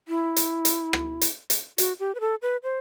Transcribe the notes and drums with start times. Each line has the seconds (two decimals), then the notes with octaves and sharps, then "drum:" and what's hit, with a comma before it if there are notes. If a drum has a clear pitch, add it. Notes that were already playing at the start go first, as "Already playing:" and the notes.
0.08 E4
0.36 drum: hi-hat
0.65 drum: hi-hat
0.93 drum: rim click
1.21 drum: hi-hat
1.50 drum: hi-hat
1.78 F#4, drum: hi-hat
2.00 G4
2.15 B4
2.20 A4
2.42 B4
2.63 C5